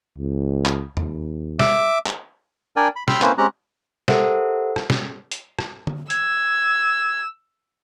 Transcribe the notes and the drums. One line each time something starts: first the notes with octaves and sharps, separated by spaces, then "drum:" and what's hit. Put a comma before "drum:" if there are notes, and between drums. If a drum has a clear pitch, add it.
C#2
drum: clap
D#2, drum: tom E2
E5 D6, drum: snare
drum: clap
D4 A#4 D5 G5 G#5
B5
G5 B5 C6 E6 F6, drum: snare
A#3 C4 C#4 E4 B4 C5, drum: clap
G#3 C4 C#4 G4 A#5 F#6
G4 A4 A#4 C5 E5 F#5, drum: snare
drum: rim click
drum: snare
drum: hi-hat
drum: rim click
drum: tom D3
E6 G#6, drum: hi-hat